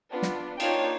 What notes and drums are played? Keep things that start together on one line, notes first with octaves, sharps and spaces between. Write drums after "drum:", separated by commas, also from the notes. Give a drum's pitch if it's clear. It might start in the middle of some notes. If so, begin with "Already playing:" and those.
B3 D4 F4
drum: snare
A#3 D4 D#4 F4 C#5 G5, drum: cymbal